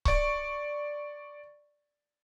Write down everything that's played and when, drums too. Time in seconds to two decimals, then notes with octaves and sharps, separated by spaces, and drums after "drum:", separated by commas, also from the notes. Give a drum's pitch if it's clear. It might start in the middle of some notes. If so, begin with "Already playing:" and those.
0.05 D5 C#6, drum: kick C#1